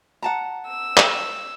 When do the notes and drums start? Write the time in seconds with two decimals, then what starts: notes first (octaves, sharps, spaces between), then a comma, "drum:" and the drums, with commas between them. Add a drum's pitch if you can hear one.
0.22 F#5 A5 A#5
0.67 E6
0.97 drum: clap